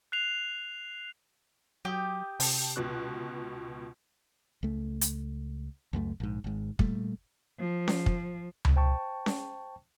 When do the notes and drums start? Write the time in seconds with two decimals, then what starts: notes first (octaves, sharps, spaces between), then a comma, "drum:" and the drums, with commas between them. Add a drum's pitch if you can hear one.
0.12 F#6 C7 F7
1.85 F#3 G4 D#6 G6
2.40 C3 G5 A5, drum: open hi-hat
2.76 C#2 B2 F#6
4.63 C#2 A3
5.01 drum: hi-hat
5.93 C#2 F#2 G#3 A3
6.20 A#1 G#2
6.44 G#1 G#2
6.79 A#2 G3 A3, drum: kick
7.59 F3
7.88 drum: snare C#4
8.06 drum: kick
8.65 drum: tom C#2
8.76 C5 G5 A5 C#6
9.26 drum: snare C#4